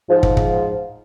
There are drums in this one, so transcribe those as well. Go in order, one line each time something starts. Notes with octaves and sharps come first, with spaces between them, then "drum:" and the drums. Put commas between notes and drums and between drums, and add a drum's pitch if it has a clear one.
G#2 F3
drum: kick
drum: kick